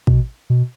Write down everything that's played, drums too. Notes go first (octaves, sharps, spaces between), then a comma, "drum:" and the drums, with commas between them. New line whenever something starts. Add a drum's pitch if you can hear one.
B2, drum: kick
B2